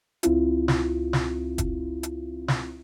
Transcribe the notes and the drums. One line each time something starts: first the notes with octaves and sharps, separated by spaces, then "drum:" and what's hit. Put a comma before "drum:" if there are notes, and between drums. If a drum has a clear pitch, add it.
C#2 C4 E4 F4, drum: hi-hat
drum: snare
drum: snare
drum: kick, hi-hat
drum: hi-hat
drum: snare